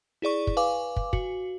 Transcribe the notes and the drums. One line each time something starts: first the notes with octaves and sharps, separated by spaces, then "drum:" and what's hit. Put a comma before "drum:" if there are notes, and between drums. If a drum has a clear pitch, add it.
E4 G#4 D5 C#6
drum: kick
B4 F5 G#5 D6
drum: kick
F#4, drum: kick